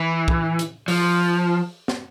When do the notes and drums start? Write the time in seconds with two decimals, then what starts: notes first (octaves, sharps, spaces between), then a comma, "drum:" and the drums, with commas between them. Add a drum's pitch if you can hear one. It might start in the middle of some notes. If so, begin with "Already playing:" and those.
Already playing: E3
0.28 drum: kick
0.59 drum: hi-hat
0.88 F3, drum: open hi-hat
1.88 drum: snare